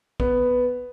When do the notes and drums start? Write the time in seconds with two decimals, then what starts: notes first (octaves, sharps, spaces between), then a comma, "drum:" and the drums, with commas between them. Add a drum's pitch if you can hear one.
0.20 B3, drum: kick